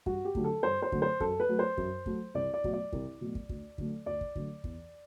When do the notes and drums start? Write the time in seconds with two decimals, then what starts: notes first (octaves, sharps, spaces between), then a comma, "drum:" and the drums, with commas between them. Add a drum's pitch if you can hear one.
0.06 G2 F#4, drum: kick
0.25 G4
0.35 D3 F#3 A3, drum: kick
0.44 A4
0.63 G2 C5
0.82 C5
0.92 D3 F#3 A3, drum: kick
1.02 C5
1.20 F#2 A4, drum: kick
1.40 B4
1.49 F#3 A3
1.59 C5
1.77 F#2, drum: kick
2.06 F#3 A3, drum: kick
2.34 C2 D5
2.54 D5
2.64 B2 F#3 A3, drum: kick
2.73 D5
2.92 C2, drum: kick
3.21 B2 F#3 A3
3.35 drum: kick
3.49 D2, drum: kick
3.78 D3 F#3 A3, drum: kick
4.06 D2 D5
4.21 drum: kick
4.35 D3 F#3 A3, drum: kick
4.64 E2, drum: kick